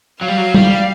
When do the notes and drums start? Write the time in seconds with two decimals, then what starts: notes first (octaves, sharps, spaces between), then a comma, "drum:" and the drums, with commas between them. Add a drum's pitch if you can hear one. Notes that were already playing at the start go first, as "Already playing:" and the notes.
0.21 F#3 F5
0.28 G3
0.37 F#3
0.54 G3, drum: tom